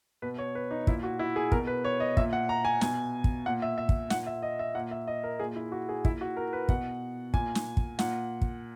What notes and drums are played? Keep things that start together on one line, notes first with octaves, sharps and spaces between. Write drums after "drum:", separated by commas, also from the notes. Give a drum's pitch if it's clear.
B2 B4
C#5
B4
D#4
A#2 E4, drum: kick
F#4
E4
G#4
B2 A#4, drum: kick
B4
C#5
D#5
A#2 E5, drum: kick
F#5
A#5
G#5
B2 G#5, drum: snare
drum: kick
A#2 F#5
E5
E5
drum: kick
A#2 F#5, drum: snare
E5
D#5
E5
A#2 F#5
E5
D#5
A#4
A#2 G#4
E4
F#4
G#4
A#2 E4, drum: kick
F#4
A#4
B4
B2 F#5, drum: kick
A#2 G#5, drum: kick
drum: snare
drum: kick
A#2 F#5, drum: snare
drum: kick